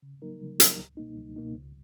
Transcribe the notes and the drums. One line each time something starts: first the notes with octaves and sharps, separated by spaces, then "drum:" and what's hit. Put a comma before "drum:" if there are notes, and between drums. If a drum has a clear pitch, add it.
C#3
F#3 A#3 D#4 A#4
C#3
F#3 A#3 D#4 A#4, drum: hi-hat
C#2
B2 A#3 D#4
C#2
B2 A#3 D#4
C#2